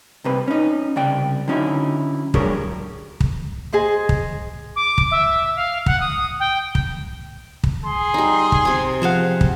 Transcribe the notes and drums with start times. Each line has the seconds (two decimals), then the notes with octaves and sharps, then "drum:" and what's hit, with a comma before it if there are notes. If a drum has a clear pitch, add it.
0.24 C2 C3 B4
0.48 C#4 D#4
0.96 C2 C#3 D5 G5
1.48 D3 F#3 C#4 D#4 E4
2.34 D3 F#3 G3 G#4 A#4 C#5, drum: kick
3.20 drum: kick
3.72 G#4 C5 D#5 C6
4.09 drum: kick
4.76 D6
4.98 drum: kick
5.11 E5
5.56 F5
5.86 F#5, drum: kick
6.00 D#6
6.40 G5
6.75 drum: kick
7.64 drum: kick
7.84 G#4 C6
8.14 G3 D#4
8.52 drum: kick
8.65 C3 G#5
9.02 F3 G#4 C5 F5 F#5
9.41 drum: kick